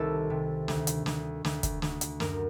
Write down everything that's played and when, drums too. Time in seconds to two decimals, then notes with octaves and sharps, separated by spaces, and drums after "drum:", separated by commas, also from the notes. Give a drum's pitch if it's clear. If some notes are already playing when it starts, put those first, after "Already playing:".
Already playing: C2 C3 D#3 A4
0.30 C3
0.68 D2, drum: snare
0.87 drum: hi-hat
1.06 D2, drum: snare
1.45 D2, drum: snare
1.63 drum: kick, hi-hat
1.82 D2, drum: snare
2.01 drum: hi-hat
2.20 F#2 A#4, drum: snare